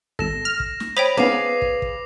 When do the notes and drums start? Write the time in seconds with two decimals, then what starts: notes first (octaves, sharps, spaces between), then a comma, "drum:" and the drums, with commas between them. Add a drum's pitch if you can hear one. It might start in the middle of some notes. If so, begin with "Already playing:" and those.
0.19 G#1 A4 A#6 E7, drum: kick
0.45 F6
0.60 drum: kick
0.80 drum: snare
0.97 C5 C#5 G5 B5 D#6 F7
1.17 B3 C#4 D#4 G#4 B4 F5 D6 C7
1.62 drum: kick
1.82 drum: kick